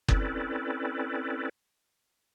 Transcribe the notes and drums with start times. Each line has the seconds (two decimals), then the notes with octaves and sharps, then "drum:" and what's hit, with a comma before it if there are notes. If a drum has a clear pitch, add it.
0.08 C4 C#4 E4 A4 B4 D5, drum: kick F#1